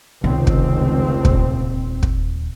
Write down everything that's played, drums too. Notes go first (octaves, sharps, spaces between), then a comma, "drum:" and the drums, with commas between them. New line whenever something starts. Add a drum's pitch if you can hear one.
F1 C#2 D#3 C4
drum: kick
D#1, drum: kick
drum: kick